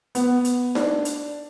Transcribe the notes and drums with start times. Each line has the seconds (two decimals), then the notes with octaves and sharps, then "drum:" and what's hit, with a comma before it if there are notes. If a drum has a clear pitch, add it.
0.15 B3, drum: hi-hat
0.45 drum: hi-hat
0.75 D4, drum: snare D#4
1.05 drum: hi-hat